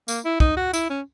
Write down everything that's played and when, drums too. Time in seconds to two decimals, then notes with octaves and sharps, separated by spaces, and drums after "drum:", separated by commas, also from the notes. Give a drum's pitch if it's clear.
0.08 A#3, drum: tambourine
0.25 E4
0.40 D#4, drum: kick
0.57 F#4
0.74 E4, drum: tambourine
0.90 C#4